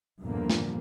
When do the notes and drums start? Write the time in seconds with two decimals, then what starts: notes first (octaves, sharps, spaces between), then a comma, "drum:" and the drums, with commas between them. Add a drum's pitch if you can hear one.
0.21 E2 G2 A#2 D3 F3 A#3
0.50 drum: snare